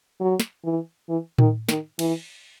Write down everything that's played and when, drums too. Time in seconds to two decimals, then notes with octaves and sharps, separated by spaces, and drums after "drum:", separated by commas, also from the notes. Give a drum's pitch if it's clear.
0.20 F#3
0.40 drum: snare
0.64 E3
1.09 E3
1.38 D#3, drum: tom A2
1.69 D#3, drum: snare
1.99 E3, drum: cymbal